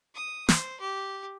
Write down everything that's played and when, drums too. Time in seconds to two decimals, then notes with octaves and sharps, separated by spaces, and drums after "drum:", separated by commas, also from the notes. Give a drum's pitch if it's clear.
0.15 D#6
0.49 C5, drum: snare
0.80 G4